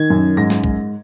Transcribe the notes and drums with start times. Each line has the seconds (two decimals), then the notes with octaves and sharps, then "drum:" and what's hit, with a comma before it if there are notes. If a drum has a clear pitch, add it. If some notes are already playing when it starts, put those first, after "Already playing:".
Already playing: D#3 G#6
0.10 F#2
0.37 G#2 A#6
0.50 drum: snare
0.64 G#2, drum: kick